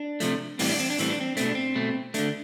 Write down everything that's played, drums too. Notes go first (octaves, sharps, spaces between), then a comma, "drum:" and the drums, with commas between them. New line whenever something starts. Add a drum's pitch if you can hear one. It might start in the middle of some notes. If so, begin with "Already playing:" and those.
Already playing: D4
C3 F3 A3, drum: hi-hat
A2 E3 G3 C4, drum: open hi-hat
D4
C4
D4
A2 E3 G3 C4, drum: hi-hat
D4
C4
B2 A3 C4, drum: hi-hat
D4
C4
B2 A3
D3 A3 D4, drum: hi-hat